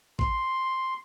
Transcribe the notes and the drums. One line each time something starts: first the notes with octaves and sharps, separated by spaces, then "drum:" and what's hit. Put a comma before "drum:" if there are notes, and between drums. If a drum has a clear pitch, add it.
C6, drum: kick